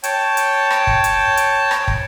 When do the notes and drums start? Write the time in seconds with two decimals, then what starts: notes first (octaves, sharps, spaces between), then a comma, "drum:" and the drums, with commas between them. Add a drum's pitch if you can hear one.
0.04 C#5 G5 A5, drum: hi-hat
0.37 drum: hi-hat
0.70 drum: rim click
0.87 drum: kick
1.04 drum: hi-hat
1.37 drum: hi-hat
1.71 drum: rim click
1.88 drum: kick